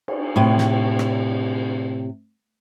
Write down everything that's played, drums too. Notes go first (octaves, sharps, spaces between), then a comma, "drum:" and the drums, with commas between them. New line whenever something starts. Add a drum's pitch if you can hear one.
drum: cymbal
A2 C3
drum: snare
drum: rim click